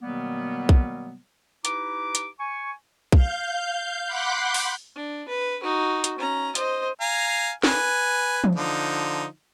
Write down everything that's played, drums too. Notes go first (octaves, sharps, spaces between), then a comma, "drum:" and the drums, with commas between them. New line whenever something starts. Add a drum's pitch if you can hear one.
B2 D#3 F#3 G3 A#3 B3
drum: kick
D#4 E4 G4 B4 A#5 D6, drum: hi-hat
drum: hi-hat
G#5 C#6
F5 G6, drum: kick
F#5 B5 C6 D6 F#6 G6
drum: open hi-hat
D4
B4
D#4 F#4
drum: hi-hat
C#4 A#5
C5 D#5, drum: hi-hat
F5 G#5 A#5
B4 G#5, drum: snare
drum: tom E3
D3 F3 D#4